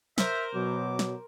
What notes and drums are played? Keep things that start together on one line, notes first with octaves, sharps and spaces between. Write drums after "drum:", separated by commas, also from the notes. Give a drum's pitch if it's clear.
A#4 C5 E5, drum: snare
B2 F#3 D6
drum: snare